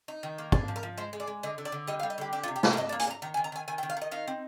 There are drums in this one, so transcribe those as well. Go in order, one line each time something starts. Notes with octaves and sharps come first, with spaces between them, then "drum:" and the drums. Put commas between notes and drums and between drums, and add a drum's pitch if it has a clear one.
D#4
D#3
A#3
D4 G#4, drum: kick
F3
A#4
F3
G#3 C5
G#3
D5
G#3
D3 D#5
D3
D5
D3
G3 D#5
F5
G3
D#5
D3 G4
D4 G4
F4
C3
G4
C3, drum: snare
F5
D4 D#5
D5
A#3
G#5, drum: hi-hat
D4
A#5
D#3 A#5
G#5
D#3
A#5
D#3 G#5
D#3 G#5
G5
D#3
F5
D#3 D#5
D#4 F5
C4